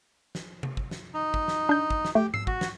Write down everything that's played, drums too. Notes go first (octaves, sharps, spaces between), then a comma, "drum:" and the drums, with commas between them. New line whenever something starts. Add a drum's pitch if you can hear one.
drum: snare
drum: tom C3
drum: kick
drum: snare
D#4
drum: kick
drum: snare
D4 G6
drum: kick
drum: snare
A3 G4
E6 C7, drum: tom G#2
F#4, drum: kick
drum: snare